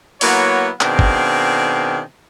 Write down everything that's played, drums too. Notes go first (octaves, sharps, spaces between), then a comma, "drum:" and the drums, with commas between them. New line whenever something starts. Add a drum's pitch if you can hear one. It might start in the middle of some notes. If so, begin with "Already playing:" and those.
F#3 A#3 B3 E4 C#5, drum: open hi-hat
B2 D#3 C4 D4 G#4 F5, drum: clap
drum: kick